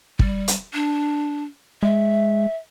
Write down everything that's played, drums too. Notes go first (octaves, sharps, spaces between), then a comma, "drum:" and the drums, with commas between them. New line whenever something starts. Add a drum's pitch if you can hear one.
G3, drum: kick
drum: hi-hat
D4
G#3 E5